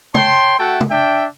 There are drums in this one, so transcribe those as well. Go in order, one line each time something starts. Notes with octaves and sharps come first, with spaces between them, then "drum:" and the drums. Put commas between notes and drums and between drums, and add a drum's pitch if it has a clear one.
C#5 G5 A5 C6, drum: tom
A3 F#4 E5 F#5 G5 A5
drum: tom
D4 E5 G5